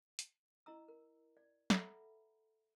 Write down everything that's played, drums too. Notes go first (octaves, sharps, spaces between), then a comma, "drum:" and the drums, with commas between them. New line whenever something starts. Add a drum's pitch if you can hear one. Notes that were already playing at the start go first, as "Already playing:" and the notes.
drum: hi-hat
E4 D#5 A#5 E6
A#4
D5
A4 B4 E5 F#5 A#5 B5, drum: snare